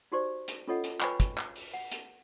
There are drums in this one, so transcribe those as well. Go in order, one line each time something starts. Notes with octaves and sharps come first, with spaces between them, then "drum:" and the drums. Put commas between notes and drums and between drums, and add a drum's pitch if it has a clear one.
D#4 F#4 G4 C5 D5
drum: hi-hat
C#4 F4 A4 C#5 D#5 F#5
drum: hi-hat
B4 C#5 G5 G#5 B5 C#6, drum: clap
drum: kick, hi-hat
drum: clap
drum: open hi-hat
F#5
drum: hi-hat